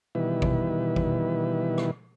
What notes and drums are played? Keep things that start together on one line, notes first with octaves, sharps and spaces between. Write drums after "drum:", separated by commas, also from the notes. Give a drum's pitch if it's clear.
B2 D#3 E3 G3 E4 B4
drum: kick
drum: kick
drum: rim click